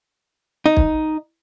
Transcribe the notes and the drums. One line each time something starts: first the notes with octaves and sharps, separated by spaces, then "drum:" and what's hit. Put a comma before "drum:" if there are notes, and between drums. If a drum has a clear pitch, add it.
D#4
drum: kick